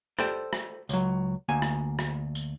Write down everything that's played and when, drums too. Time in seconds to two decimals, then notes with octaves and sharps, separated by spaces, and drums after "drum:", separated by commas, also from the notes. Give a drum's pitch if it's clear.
0.19 G4 A4 C5 D5 G5, drum: rim click
0.53 drum: rim click
0.89 C#2 F#3, drum: tambourine
1.49 D2 A#3 G#5
1.62 drum: rim click
1.99 drum: rim click
2.35 drum: tambourine